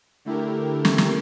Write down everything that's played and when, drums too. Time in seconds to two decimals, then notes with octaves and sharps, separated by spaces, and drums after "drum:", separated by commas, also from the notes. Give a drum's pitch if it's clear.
0.25 D3 A3 E4 G4 A#4
0.85 drum: snare
0.98 drum: snare